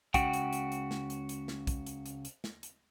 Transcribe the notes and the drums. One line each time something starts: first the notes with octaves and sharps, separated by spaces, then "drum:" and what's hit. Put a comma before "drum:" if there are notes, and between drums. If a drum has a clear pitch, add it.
C#2 C#3 F#4 G5, drum: kick, hi-hat
drum: hi-hat
drum: hi-hat
drum: hi-hat
drum: snare
drum: hi-hat
drum: hi-hat
drum: snare
drum: kick, hi-hat
drum: hi-hat
drum: hi-hat
drum: hi-hat
drum: snare
drum: hi-hat